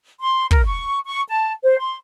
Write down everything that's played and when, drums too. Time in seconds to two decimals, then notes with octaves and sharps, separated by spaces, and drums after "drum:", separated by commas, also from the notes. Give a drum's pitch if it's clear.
0.21 C6
0.51 A#4, drum: kick
0.65 C#6
1.05 C#6
1.28 A5
1.64 C5
1.79 C6